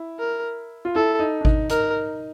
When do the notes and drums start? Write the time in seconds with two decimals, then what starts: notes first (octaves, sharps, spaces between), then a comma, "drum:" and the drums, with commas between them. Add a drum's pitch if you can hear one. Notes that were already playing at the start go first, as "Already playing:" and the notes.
Already playing: E4
0.20 A#4
0.85 F4
0.95 E4 A4
1.19 D#4
1.41 D4
1.45 D#4, drum: kick G#1
1.69 D#4 A#4, drum: hi-hat